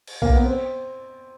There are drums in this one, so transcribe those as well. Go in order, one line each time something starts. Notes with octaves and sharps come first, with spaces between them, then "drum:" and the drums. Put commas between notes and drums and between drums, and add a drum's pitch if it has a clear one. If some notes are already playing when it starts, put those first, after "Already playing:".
drum: cymbal
A#3, drum: kick B1
B3
C4